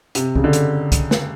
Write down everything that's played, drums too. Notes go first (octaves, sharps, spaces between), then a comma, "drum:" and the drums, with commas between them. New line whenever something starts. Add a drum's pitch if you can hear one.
C3, drum: hi-hat
C#3, drum: kick
D3
drum: hi-hat
drum: kick, hi-hat
drum: snare